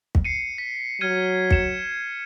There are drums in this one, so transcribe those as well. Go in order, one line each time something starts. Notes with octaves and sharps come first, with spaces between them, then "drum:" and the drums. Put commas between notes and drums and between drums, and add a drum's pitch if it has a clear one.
drum: kick
C7 C#7 D#7
B6
F#3 F6 G#6 D#7
C#7 E7, drum: kick